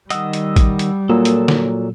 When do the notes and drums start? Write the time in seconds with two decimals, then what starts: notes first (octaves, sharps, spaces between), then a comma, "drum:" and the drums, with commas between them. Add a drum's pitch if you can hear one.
0.10 D#3 G3 D#5 F#5 D#6 E6, drum: hi-hat
0.33 drum: hi-hat
0.56 drum: kick, hi-hat
0.79 drum: hi-hat
1.09 A#2 F#3 A#3 F4 A4 A#4 D#6 E6
1.25 drum: hi-hat
1.48 drum: snare D3